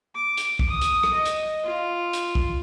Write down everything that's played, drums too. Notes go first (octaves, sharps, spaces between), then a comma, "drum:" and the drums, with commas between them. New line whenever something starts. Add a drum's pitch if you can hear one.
D6
drum: hi-hat
drum: kick
D#6
drum: hi-hat
drum: rim click
D#5
drum: hi-hat
F4
drum: hi-hat
drum: kick